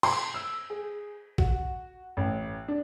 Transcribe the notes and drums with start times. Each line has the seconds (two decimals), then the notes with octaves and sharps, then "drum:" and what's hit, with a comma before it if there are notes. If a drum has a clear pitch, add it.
0.03 C6, drum: cymbal
0.34 E6
0.70 G#4
1.38 F#4, drum: kick A#1
2.17 A1
2.68 D4